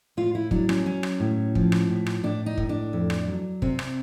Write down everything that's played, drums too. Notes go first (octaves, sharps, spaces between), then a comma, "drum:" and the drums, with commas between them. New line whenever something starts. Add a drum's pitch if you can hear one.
A2 F4
E4
F#3 D4, drum: kick
C#4, drum: rim click
F#3 C#4
drum: rim click
A2
F3, drum: kick
drum: rim click
A2
drum: rim click
A2 D4
D#4
A2, drum: kick
D4
F2
drum: rim click
F#3
C3 C4, drum: kick
drum: rim click